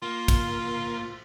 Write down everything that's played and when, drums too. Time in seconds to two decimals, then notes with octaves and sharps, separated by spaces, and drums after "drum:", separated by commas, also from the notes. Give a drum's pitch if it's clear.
0.02 A#3 F4
0.28 drum: kick, cymbal